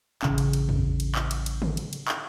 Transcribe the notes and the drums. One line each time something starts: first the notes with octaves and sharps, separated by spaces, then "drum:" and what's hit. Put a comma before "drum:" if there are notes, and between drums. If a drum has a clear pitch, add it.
A1 C#3 C#4, drum: clap
drum: cymbal
drum: cymbal
drum: tom E2
drum: cymbal
drum: clap
drum: cymbal
drum: cymbal
drum: tom C#3
drum: cymbal
drum: cymbal
drum: clap